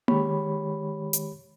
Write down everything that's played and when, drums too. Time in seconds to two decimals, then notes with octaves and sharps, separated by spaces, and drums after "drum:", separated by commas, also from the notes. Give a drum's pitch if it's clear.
0.08 D#3 G#3 G4 C#5 B5, drum: tom A#3
1.13 drum: hi-hat